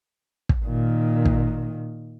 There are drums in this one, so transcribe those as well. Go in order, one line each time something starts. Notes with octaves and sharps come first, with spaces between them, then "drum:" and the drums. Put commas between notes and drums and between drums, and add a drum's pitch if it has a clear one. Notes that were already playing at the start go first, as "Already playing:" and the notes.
drum: kick
A#2 D#3
drum: kick